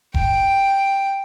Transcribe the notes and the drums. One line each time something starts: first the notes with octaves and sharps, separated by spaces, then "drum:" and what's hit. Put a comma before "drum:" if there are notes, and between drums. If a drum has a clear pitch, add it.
G5, drum: kick E1